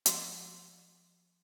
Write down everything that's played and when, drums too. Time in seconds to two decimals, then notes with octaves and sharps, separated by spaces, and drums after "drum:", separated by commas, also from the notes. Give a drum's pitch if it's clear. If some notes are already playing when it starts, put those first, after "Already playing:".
0.06 F3 C6, drum: hi-hat